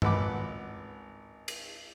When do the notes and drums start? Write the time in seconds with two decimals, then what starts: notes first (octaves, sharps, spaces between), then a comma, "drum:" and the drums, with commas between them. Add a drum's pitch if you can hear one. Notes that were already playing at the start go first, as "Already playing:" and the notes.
0.02 G#1 C#2 B4 F#5 B5 D6, drum: tom G2
1.48 drum: cymbal